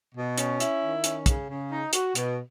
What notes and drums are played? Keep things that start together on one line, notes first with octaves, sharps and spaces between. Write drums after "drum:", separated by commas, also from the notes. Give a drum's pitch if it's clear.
B2
C#4, drum: hi-hat
E4, drum: hi-hat
D#3
C#4, drum: hi-hat
C#3, drum: kick, hi-hat
C#3
D#4
F#4, drum: hi-hat
B2, drum: hi-hat